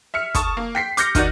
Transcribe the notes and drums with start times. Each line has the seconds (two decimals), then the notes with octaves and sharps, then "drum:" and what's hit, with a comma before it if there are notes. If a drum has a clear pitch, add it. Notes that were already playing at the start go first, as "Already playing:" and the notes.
0.14 E5 F6 C#7
0.35 A5 C#6 D#6, drum: kick, hi-hat
0.57 A#3
0.75 G5 B6 C7
0.97 D6 F6 G6 A#6 C#7, drum: hi-hat
1.15 D#3 D#4 F#4 D5, drum: kick, hi-hat